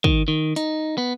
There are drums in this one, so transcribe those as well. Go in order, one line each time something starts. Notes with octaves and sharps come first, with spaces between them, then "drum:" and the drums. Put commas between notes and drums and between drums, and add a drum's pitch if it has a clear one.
D#3, drum: kick
D#3
D#4, drum: hi-hat
B3